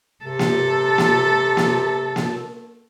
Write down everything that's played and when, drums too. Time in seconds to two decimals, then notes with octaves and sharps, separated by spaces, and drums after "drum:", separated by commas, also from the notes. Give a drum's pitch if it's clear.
0.25 C3 A4
0.39 drum: snare A#3
0.98 drum: snare A#3
1.57 drum: snare A#3
2.16 drum: snare A#3